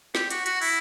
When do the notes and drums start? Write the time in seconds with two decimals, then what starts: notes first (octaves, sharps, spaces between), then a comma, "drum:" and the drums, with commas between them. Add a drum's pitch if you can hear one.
0.15 G4, drum: snare
0.30 F#4, drum: hi-hat
0.46 F#4, drum: hi-hat
0.62 E4, drum: open hi-hat